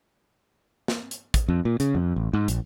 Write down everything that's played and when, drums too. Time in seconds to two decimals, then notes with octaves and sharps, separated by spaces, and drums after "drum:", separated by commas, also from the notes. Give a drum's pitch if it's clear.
0.88 drum: snare
1.11 drum: hi-hat
1.34 drum: kick, hi-hat
1.48 F2
1.65 A#2
1.80 C#3, drum: hi-hat
1.95 F2
2.16 A1
2.33 G#2
2.48 A#1, drum: hi-hat